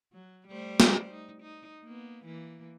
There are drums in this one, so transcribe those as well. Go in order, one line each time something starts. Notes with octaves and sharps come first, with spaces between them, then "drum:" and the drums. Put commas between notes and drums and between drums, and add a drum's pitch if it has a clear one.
F#3
G3 A3 C5
drum: snare
D#4
D#4
A#3 B3
E3 A#3